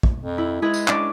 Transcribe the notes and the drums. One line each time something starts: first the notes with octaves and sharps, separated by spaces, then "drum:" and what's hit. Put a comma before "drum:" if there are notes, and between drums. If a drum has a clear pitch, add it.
drum: kick
F2
E4
G#3 E4 G#4 B4
drum: tambourine
C#4 D4 D5, drum: clap